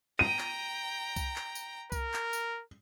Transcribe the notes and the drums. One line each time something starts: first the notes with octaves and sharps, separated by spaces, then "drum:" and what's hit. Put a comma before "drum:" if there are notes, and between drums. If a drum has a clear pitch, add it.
G5 A#5 D#7
drum: clap
drum: kick C2, tambourine
drum: clap
drum: tambourine
A#4, drum: kick C2, tambourine
drum: clap
drum: tambourine